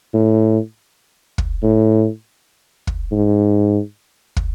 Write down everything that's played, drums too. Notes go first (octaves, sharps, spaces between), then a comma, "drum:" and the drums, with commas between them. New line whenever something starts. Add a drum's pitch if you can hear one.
A2
drum: kick
A2
drum: kick
G#2
drum: kick